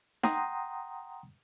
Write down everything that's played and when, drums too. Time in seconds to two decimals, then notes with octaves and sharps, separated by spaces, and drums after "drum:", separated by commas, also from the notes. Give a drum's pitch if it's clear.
0.23 F#5 G5 A#5 C6 D#6, drum: snare D#4